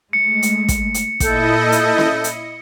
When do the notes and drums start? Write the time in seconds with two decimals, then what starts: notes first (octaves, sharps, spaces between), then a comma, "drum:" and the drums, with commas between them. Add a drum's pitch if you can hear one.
0.13 G#3 A3 C#7
0.43 drum: hi-hat
0.68 drum: kick, hi-hat
0.94 drum: hi-hat
1.20 A#2 E4 A4 D#5 G6, drum: kick, hi-hat
1.72 drum: hi-hat
1.98 drum: snare C#4
2.24 drum: hi-hat